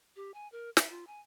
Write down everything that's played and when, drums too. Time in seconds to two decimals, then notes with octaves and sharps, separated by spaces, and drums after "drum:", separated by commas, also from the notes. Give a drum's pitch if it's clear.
0.16 G4
0.34 G#5
0.52 A#4
0.77 E5, drum: snare
0.90 F4
1.07 G#5